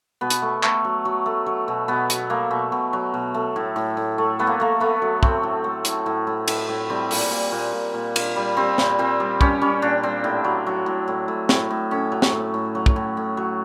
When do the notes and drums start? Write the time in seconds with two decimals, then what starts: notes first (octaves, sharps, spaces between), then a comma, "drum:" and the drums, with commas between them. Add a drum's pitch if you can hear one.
0.21 B2 B3
0.30 drum: hi-hat
0.42 A3
0.63 A3, drum: clap
0.85 F#3
1.05 F#3
1.26 A3
1.46 F#3
1.68 B2
1.88 B2 B3
2.10 F#3, drum: hi-hat
2.30 A3 A#3
2.51 B2
2.72 B2
2.93 F#3
3.14 B2
3.34 A3
3.56 A2
3.76 A2
3.97 A2
4.18 A3
4.39 A3 B3
4.47 A#3
4.60 A3 A#3
4.80 A3 B3
5.02 F#3
5.23 A3 C4, drum: kick
5.43 A2
5.64 A3
5.85 A2, drum: hi-hat
6.06 A2
6.27 A2
6.48 A2, drum: cymbal
6.69 A2
6.90 G3 C4
7.11 A#2, drum: open hi-hat
7.31 A#2
7.52 A#2
7.73 A#2
7.94 A#2
8.16 A#2, drum: cymbal
8.36 G3
8.57 G3 C4
8.78 A#2, drum: snare
8.98 A#2 C4
9.20 G3
9.41 G3 C#4, drum: kick
9.61 G3 C#4
9.82 A#2 D4
10.03 G3 C4
10.24 A2
10.44 F#3
10.67 F#3
10.86 A2
11.08 A2
11.28 A2
11.49 A2, drum: snare
11.70 A2
11.91 A2 C#4
12.12 F#3
12.22 drum: snare
12.33 A2
12.54 A2
12.75 F#3
12.86 drum: kick
12.96 A2
13.17 A2
13.37 F#3